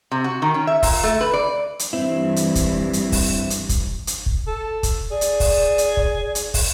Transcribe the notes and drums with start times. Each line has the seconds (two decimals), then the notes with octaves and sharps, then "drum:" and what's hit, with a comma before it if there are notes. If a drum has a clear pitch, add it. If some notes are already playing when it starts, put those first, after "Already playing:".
0.11 C3
0.24 F#4
0.42 D#3
0.54 C#4
0.67 E5
0.83 A#2, drum: kick, open hi-hat
1.03 A3
1.21 B4
1.34 D5
1.79 drum: hi-hat
1.93 G2 E3 C4 E4
2.36 drum: hi-hat
2.55 drum: kick, hi-hat
2.93 drum: hi-hat
3.12 drum: kick, open hi-hat
3.50 drum: hi-hat
3.69 drum: kick, hi-hat
4.07 drum: hi-hat
4.26 drum: kick
4.47 A4
4.83 drum: kick, hi-hat
5.11 G#4 D5
5.21 drum: hi-hat
5.40 drum: kick, open hi-hat
5.78 drum: hi-hat
5.97 drum: kick
6.35 drum: hi-hat
6.54 drum: kick, open hi-hat